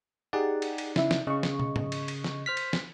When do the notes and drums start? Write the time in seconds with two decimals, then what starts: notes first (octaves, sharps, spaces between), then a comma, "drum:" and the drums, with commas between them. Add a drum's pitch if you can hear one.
0.33 D#4 G4 G#4 D5 F#5
0.62 drum: cymbal
0.78 drum: cymbal
0.96 C#3 E4 E5, drum: snare
1.11 drum: snare
1.27 C#3 D#5 C#6
1.43 drum: snare
1.59 drum: tom
1.76 drum: tom G#2
1.92 drum: cymbal
2.08 drum: cymbal
2.24 drum: snare
2.46 C5 F6 B6
2.57 drum: cymbal
2.73 drum: snare